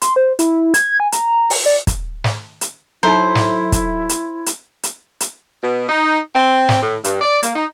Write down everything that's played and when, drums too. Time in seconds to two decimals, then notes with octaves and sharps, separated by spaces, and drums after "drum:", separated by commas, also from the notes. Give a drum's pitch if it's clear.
0.02 C6, drum: hi-hat
0.16 C5
0.39 E4, drum: hi-hat
0.74 G#6, drum: hi-hat
1.00 G#5
1.12 A#5, drum: hi-hat
1.50 drum: open hi-hat
1.66 D5
1.87 drum: kick, hi-hat
2.24 drum: snare
2.61 drum: hi-hat
3.03 F#3 D#4 E4 A4 C5 E5 A#5
3.35 drum: snare
3.72 drum: kick, hi-hat
4.09 drum: hi-hat
4.46 drum: hi-hat
4.83 drum: hi-hat
5.20 drum: hi-hat
5.63 B2
5.89 D#4
6.35 C4
6.69 drum: snare
6.81 A2
7.04 G2, drum: hi-hat
7.21 D5
7.43 A#3, drum: hi-hat
7.55 D#4